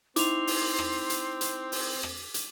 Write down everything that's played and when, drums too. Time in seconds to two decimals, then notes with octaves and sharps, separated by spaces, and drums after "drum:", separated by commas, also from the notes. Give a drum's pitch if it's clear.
0.16 C4 D#4 E4 C6 D6 F7, drum: hi-hat
0.47 drum: open hi-hat
0.78 drum: rim click
1.10 drum: hi-hat
1.41 drum: hi-hat
1.72 drum: open hi-hat
2.03 drum: rim click
2.34 drum: hi-hat